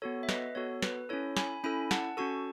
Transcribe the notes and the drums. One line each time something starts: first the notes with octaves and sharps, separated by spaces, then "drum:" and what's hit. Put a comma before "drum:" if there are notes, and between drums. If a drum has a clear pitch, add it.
B3 F#4 A4 C#5
E5
B4 D#5, drum: snare
B3 F#4 A4 C#5
B4, drum: snare
C#4 E4 A4 C#5
G#5 B5, drum: snare
C#4 E4 A4 G#5 B5
F#5 A5, drum: snare
C#4 F#4 A4 A5 C#6